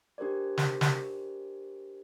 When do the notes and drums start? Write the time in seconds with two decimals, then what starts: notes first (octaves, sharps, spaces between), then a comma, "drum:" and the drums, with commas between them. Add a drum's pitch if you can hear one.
0.18 D4 G4 A#4 C5 D5
0.58 drum: snare
0.81 drum: snare